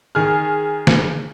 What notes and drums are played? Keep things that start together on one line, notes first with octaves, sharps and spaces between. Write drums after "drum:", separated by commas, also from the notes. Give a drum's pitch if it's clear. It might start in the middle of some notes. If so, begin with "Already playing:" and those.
D#3 G#4 F6
drum: snare